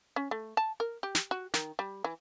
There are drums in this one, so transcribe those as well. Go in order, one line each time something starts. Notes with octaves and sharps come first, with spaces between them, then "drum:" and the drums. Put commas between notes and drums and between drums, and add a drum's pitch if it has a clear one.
C#4
A3
A5
A#4
G4
drum: snare
F#4
D#3, drum: snare
G3
E3